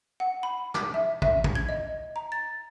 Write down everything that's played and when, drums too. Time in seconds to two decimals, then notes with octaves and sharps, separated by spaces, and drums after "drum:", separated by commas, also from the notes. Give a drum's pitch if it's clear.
0.20 F#5
0.43 B5
0.74 D6, drum: snare
0.94 E5
1.22 E5, drum: kick
1.44 drum: kick
1.55 G#6
1.69 D#5
2.16 A#5
2.32 A6